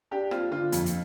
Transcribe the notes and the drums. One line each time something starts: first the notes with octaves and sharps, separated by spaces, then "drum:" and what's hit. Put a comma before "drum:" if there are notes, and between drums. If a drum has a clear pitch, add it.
D4 G4
C4 F4, drum: rim click
D3 F4
F2, drum: hi-hat
drum: hi-hat